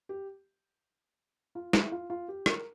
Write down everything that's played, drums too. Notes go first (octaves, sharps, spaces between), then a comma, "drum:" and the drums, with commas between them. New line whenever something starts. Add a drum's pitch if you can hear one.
G4
F4
E4, drum: snare
F4
F4
G4
A#4, drum: rim click